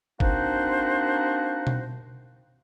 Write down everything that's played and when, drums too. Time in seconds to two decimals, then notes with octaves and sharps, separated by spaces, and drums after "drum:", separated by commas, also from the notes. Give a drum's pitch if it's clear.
0.20 A#3 C4 D4 D#4 F#4 C5, drum: kick
1.67 drum: tom B2